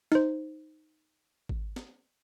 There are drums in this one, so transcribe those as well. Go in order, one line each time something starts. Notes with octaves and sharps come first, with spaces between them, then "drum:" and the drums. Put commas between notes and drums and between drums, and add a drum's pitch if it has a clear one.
D#4 C5, drum: snare
drum: kick G#1
drum: snare